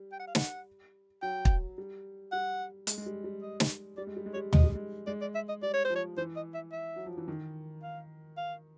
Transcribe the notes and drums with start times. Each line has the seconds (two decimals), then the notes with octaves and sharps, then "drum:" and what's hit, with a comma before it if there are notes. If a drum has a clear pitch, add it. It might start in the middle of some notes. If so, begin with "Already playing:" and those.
Already playing: G3
0.13 G5
0.20 F#5
0.28 F5
0.35 F#5, drum: snare
1.22 F#3 G5
1.45 drum: kick
1.78 G3
2.32 G3 F#5
2.87 G#3, drum: hi-hat
2.98 G#3
3.06 G3
3.24 G3
3.42 D#5
3.60 drum: snare
3.97 G3 D5
4.07 G#3
4.17 G3
4.26 G#3
4.34 G3 C#5
4.53 G#3 D#5, drum: tom
4.64 G3
4.75 G#3
5.07 G#3 D5
5.21 D5
5.35 E5
5.49 D#5
5.62 G3 D5
5.74 C#5
5.85 C5
5.90 F3
5.96 C#5
6.17 E3 C5
6.36 D#5
6.54 E5
6.73 E5
6.96 F#3
7.06 F3
7.17 E3
7.28 D#3
7.83 F5
8.38 F5